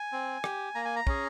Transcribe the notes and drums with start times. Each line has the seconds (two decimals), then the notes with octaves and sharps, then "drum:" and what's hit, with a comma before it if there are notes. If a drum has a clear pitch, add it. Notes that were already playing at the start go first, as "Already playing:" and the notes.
Already playing: G#5
0.12 C4
0.44 G4, drum: rim click
0.75 A#3 A#5
0.85 G#5
0.96 A#5
1.07 C#4 G#4, drum: kick